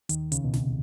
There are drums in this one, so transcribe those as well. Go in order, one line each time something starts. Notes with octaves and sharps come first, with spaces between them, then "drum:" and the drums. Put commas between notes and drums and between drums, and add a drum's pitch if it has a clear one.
D#2 D#3, drum: hi-hat
C#2 C#3, drum: hi-hat
B2
C2 C3, drum: snare